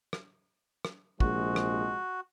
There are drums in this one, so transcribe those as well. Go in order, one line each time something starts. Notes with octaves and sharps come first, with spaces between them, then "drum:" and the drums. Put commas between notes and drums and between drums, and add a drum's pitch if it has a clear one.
drum: rim click
drum: rim click
A#1 C3 F3 G#3 F#4, drum: kick
drum: rim click